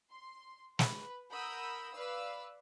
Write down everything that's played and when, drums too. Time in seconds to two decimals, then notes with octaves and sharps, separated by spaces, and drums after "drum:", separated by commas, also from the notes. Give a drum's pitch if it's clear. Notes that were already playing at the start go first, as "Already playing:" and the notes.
0.11 C6
0.79 B4, drum: snare
1.31 A#4 F#5 B5 D#6 E6 G6
1.91 B4 D5 F5 E6